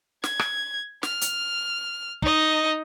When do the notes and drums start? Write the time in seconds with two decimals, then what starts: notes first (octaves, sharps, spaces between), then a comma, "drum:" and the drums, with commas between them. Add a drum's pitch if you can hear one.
0.24 G#6, drum: snare
0.39 drum: rim click
1.03 F6, drum: snare
1.21 drum: hi-hat
2.22 D#4 D#5, drum: kick